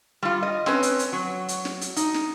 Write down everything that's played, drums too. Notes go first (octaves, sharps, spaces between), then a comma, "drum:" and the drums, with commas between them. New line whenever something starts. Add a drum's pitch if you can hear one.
G3 F4
D#5
C4 C#4 B4, drum: snare
drum: hi-hat
drum: hi-hat
F#3
drum: hi-hat
drum: snare
drum: hi-hat
D#4, drum: hi-hat
drum: snare